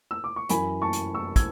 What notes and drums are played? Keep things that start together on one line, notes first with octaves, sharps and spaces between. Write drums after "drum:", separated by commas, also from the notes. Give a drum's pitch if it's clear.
E6
D6
C#6
F#2 E3 G#5 B5, drum: hi-hat
A5 C#6
drum: hi-hat
C#6 E6
E6 G#6, drum: kick, hi-hat